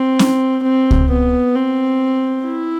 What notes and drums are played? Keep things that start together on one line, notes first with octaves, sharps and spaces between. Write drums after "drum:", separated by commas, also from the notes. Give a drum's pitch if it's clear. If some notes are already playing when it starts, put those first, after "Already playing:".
Already playing: C4
drum: snare C#4
C4
drum: kick C#2
B3
C4
E4